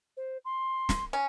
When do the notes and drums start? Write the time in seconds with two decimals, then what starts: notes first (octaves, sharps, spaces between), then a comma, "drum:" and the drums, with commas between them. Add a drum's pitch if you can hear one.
0.17 C5
0.45 C6
0.89 drum: snare
1.13 C#4